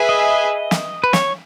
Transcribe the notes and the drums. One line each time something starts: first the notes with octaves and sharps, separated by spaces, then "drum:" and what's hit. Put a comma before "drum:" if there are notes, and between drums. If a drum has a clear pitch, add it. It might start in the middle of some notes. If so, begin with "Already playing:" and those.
Already playing: G#4 B4 E5 G#5
D#5
drum: snare
B4
C#5, drum: snare